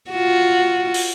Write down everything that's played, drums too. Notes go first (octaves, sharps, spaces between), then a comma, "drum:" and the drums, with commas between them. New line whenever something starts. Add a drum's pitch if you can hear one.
F4 F#4
drum: open hi-hat